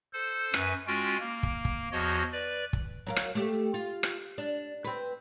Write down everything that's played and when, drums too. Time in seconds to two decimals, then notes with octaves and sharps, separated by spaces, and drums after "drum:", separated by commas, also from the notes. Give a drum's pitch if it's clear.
0.13 A4 C5
0.54 F#2 B4 E5 G#5, drum: rim click
0.87 G#3 C#4 F4 F#4 G5
1.20 A#3
1.43 drum: kick
1.65 drum: kick
1.92 E2 F3 F#4 C#5 D#5
2.32 B4 D5
2.73 drum: kick
3.07 F#3 A#4 F5
3.16 drum: rim click
3.35 A3 G4
3.74 F4
4.03 drum: rim click
4.38 D4
4.84 C4 B4